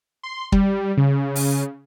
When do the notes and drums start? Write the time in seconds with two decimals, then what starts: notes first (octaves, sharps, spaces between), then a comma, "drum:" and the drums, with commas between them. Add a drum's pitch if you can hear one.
0.23 C6
0.52 G3, drum: kick
0.97 C#3
1.36 drum: open hi-hat